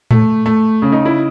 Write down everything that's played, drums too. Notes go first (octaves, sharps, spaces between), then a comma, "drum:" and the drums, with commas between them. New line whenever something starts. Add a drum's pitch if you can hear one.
A3, drum: tom A2
A3
C#3
D#4
E4